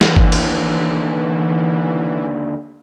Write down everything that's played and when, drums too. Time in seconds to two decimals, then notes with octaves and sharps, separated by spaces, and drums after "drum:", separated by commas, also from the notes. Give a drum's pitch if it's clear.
0.01 D#2 D3 E3, drum: snare
0.16 drum: kick
0.32 drum: cymbal